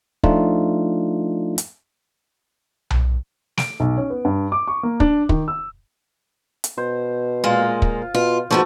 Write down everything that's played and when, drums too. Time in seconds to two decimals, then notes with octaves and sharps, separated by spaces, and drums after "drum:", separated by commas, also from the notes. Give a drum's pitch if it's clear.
0.24 F3 A3 D4 D#4 F4, drum: kick
1.58 drum: hi-hat
2.90 drum: tom B1
3.58 D7, drum: snare
3.80 B1
3.97 C#4
4.10 B3
4.25 G2
4.52 D6
4.68 C#6
4.83 A#3
5.00 D4, drum: kick
5.29 D#3, drum: kick
5.48 E6
6.64 drum: hi-hat
6.78 B2 C5
7.44 A#2 G#3 A#3 F4
7.82 drum: kick
8.15 B2 F4
8.51 G#2 F3 A3 B3 F#4